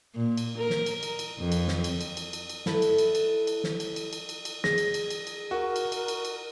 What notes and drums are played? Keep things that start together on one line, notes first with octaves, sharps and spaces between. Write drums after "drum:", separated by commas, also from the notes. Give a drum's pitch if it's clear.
A#2
drum: cymbal
A#4
drum: snare
drum: cymbal
drum: cymbal
drum: cymbal
F2
drum: cymbal
drum: snare
drum: cymbal
drum: cymbal
drum: cymbal
drum: cymbal
drum: cymbal
E4 A4 B4, drum: snare
drum: cymbal
drum: cymbal
drum: cymbal
drum: cymbal
drum: snare
drum: cymbal
drum: cymbal
drum: cymbal
drum: cymbal
drum: cymbal
G#4 A#6, drum: snare
drum: cymbal
drum: cymbal
drum: cymbal
drum: cymbal
F#4 A#4
drum: cymbal
drum: cymbal
drum: cymbal
drum: cymbal